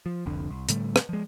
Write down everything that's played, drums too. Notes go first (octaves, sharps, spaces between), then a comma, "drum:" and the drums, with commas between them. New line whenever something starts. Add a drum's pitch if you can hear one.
F3
F1 C2 F2 D3
C2
A2 D3 G3 A3, drum: hi-hat
drum: rim click
F3 G#3